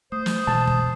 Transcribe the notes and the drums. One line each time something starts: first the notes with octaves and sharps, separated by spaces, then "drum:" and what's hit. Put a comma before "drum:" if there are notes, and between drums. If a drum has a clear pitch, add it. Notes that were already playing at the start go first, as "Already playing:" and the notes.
A3 C5 D#6
drum: snare
B2 E3 G#3 A5
drum: kick